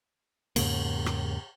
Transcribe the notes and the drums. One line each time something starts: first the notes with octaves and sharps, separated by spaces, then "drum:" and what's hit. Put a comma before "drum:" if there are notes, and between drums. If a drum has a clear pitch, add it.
E2 G#2 C#3 A#3, drum: cymbal
drum: rim click